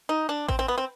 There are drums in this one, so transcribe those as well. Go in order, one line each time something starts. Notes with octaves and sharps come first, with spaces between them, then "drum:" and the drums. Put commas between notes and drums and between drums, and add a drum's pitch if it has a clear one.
D#4
D4
C4, drum: kick A1
C4
B3
C4